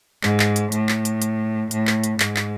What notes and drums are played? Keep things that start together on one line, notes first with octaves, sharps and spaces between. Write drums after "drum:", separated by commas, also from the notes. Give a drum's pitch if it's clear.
G#2, drum: clap
drum: clap
drum: hi-hat
A2, drum: hi-hat
drum: clap
drum: hi-hat
drum: hi-hat
A2, drum: hi-hat
drum: clap
drum: hi-hat
G#2, drum: clap
drum: clap